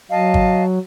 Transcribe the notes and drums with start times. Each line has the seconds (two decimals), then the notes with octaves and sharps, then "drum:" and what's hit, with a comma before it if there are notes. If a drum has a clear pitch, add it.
0.11 F#3 D#5 F5 A5
0.34 drum: kick